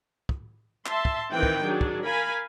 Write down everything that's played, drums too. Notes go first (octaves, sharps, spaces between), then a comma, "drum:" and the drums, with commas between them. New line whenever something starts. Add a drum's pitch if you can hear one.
drum: kick
E5 A5 C6, drum: clap
drum: kick
D#3 E3 C4 B4 G5
drum: kick
F#3 D4 G#4
drum: kick
A#4 F5 G#5 B5